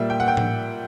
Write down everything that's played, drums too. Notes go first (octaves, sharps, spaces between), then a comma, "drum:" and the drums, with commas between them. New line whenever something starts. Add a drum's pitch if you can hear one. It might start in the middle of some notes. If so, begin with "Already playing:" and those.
Already playing: A#2 G3 A#3 E5
G5
F#5
G5
drum: tom A2